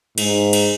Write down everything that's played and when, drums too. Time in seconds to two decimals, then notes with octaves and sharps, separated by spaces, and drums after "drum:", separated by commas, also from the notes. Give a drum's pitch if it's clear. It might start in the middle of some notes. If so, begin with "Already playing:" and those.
0.18 G#2, drum: cymbal
0.53 drum: cymbal